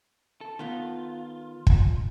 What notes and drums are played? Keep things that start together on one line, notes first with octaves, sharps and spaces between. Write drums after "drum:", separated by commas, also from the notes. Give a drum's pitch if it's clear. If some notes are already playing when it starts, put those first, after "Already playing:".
A4
D#3 B3 F4 A4
drum: kick